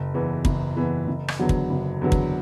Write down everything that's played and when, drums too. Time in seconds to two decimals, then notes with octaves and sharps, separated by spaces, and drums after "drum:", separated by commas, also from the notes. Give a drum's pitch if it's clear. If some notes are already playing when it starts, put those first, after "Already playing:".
Already playing: F#1
0.14 E2 E3 B3
0.45 F#1, drum: kick
0.76 E2 E3 B3
1.07 F#1
1.28 drum: rim click
1.39 E2 D3 F#3 B3
1.49 drum: kick
1.70 F#1
2.01 E2 D3 F#3 B3
2.12 drum: kick